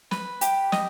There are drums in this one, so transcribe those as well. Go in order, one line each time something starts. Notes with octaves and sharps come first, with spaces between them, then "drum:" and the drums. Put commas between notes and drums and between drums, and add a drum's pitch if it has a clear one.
B4, drum: snare
G4, drum: hi-hat
D#5, drum: snare